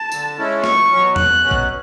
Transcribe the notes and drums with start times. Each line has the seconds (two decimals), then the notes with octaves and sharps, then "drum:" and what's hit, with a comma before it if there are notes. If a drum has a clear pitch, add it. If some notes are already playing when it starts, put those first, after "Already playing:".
Already playing: A5
0.12 D3, drum: tambourine
0.38 G#3 C#4 E4
0.64 E2 C#6, drum: snare
0.90 B2 F#3 C#4
1.16 E2 F#6, drum: tom E2
1.42 B2 F#3 C#4
1.51 drum: kick A1